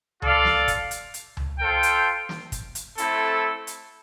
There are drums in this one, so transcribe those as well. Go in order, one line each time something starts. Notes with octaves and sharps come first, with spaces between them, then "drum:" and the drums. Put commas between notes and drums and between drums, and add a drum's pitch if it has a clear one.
F4 A4 D5 F5, drum: tom C#2
drum: snare
drum: kick, hi-hat
drum: hi-hat
drum: hi-hat
drum: tom C#2
F4 A4 C5 G5
drum: hi-hat
drum: snare
drum: kick, hi-hat
drum: hi-hat
A3 C4 E4 A4, drum: hi-hat
drum: hi-hat